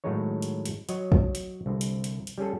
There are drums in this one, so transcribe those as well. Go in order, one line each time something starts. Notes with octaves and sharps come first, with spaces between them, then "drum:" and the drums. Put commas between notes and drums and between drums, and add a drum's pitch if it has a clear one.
A2 D#3 F#3 G#3 D#4 C#5
drum: hi-hat
drum: hi-hat
F#3 C#5 D#5, drum: hi-hat
drum: kick
drum: hi-hat
C2 D3
drum: hi-hat
drum: hi-hat
drum: hi-hat
G3 C#4 G#4 A4